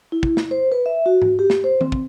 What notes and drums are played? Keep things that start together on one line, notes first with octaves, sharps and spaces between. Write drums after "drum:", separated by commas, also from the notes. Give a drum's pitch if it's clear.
E4
drum: kick
drum: snare
C5
B4
E5
F#4
drum: tom G#2
G4
drum: snare
C5
C4, drum: tom D#3
drum: kick